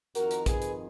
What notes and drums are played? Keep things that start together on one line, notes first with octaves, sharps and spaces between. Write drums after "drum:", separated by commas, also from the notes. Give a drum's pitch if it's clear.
F2 D#3 F#4 A#4, drum: hi-hat
drum: hi-hat
G#4 B4, drum: kick, hi-hat
drum: hi-hat